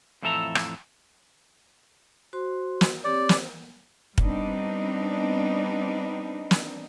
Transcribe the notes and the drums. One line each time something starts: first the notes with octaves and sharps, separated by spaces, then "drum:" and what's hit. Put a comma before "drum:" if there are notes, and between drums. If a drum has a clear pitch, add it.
F2 A2 E3 A4 E5 A#5
drum: rim click
F#4 C5 C6
drum: snare
C4 G4 C#5 D5
C5, drum: snare
G3 B3 C4 D4 D#4, drum: kick
drum: snare